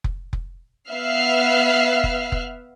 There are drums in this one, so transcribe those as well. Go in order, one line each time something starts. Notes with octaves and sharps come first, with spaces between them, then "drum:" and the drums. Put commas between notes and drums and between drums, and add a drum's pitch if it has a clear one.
drum: kick F1
drum: kick F1
B3 E5 F5 F6 F#6 C7
drum: kick F1
drum: kick F1